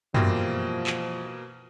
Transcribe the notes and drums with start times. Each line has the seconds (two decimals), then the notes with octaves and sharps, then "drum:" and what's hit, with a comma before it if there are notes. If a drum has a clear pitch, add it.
0.14 B2 E3 F3 G3 A#3 C4, drum: tom F#2
0.87 drum: clap